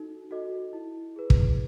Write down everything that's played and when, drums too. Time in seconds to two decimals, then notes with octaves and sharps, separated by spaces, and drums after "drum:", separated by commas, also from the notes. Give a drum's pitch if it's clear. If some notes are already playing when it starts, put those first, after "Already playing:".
Already playing: D#4 F#4 A4
0.31 F#4 A4 D#5
0.73 E4
1.16 G#4 B4
1.30 drum: kick